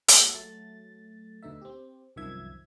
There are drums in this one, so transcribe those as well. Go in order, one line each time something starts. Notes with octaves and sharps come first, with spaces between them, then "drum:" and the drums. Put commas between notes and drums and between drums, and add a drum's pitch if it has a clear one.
G#3 A#3 F4 A4 E5 F#5, drum: hi-hat
F#3 A3 A6
D2 B2 D3 D#4 E5
C4 G4
C2 F#2 D#3 F3 E5 G#6